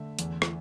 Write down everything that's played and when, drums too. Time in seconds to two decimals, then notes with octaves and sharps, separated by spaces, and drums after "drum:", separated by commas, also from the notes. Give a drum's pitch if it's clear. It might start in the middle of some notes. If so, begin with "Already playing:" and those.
Already playing: D3 A3 E5
0.19 E2, drum: hi-hat
0.42 drum: rim click